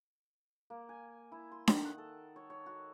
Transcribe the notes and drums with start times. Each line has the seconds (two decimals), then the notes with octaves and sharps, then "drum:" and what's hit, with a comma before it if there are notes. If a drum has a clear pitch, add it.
0.70 A#3
0.89 G#5
1.32 E4
1.52 C6
1.67 D#3, drum: snare D4
1.85 F#5
1.98 A4
2.36 C#5
2.50 C#5
2.66 F#4